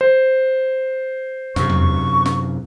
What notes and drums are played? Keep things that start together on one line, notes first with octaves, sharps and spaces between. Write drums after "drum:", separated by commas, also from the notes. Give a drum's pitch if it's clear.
C5
F#2 C3 C#6, drum: snare
drum: tom E2
drum: snare